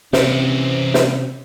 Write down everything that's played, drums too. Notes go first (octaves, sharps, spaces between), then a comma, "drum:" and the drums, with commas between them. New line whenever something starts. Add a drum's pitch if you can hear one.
C3 E3 C4 C#4, drum: snare
drum: snare